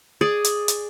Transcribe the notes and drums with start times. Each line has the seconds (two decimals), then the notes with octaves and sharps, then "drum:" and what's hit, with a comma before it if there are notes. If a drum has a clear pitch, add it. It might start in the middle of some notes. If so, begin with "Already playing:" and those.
0.21 G#4 D5
0.44 drum: hi-hat
0.68 drum: hi-hat